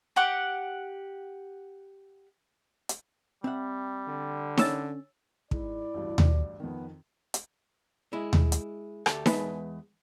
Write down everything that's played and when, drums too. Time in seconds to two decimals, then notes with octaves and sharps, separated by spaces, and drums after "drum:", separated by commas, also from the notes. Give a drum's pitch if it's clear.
0.16 G4 F#5 D6
2.89 drum: hi-hat
3.44 G3 C4 E5 F#5
4.07 D3
4.57 C#4 C#5 E6 A6, drum: snare D#4
5.51 G#2 G#3 E4 D5, drum: kick
5.95 A1 D2 G2
6.18 drum: tom D#2
6.60 F2 D#3 B3
7.34 drum: hi-hat
8.13 G#3 E4
8.33 drum: tom D#2
8.52 drum: hi-hat
9.06 D2 G4 A4, drum: rim click
9.26 E2 G#3 B4 A5, drum: snare D#4